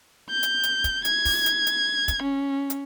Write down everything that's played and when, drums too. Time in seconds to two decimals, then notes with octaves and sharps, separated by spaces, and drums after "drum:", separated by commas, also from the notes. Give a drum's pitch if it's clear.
0.30 G6
0.43 drum: hi-hat
0.63 drum: hi-hat
0.84 drum: kick, hi-hat
1.05 G#6, drum: hi-hat
1.25 drum: kick, open hi-hat
1.46 drum: hi-hat
1.67 drum: hi-hat
2.08 drum: kick, hi-hat
2.23 C#4
2.70 drum: hi-hat